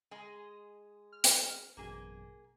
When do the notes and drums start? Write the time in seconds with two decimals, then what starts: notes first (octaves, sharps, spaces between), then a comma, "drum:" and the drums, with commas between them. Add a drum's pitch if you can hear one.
0.11 G#3 G#4 D#5
1.12 F6
1.24 drum: hi-hat
1.77 A1 F#2 B2 A#3 G#4